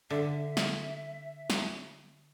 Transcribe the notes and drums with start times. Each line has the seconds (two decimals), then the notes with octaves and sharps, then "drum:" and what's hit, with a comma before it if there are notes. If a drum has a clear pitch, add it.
0.10 D3 E5
0.57 drum: snare
1.50 drum: snare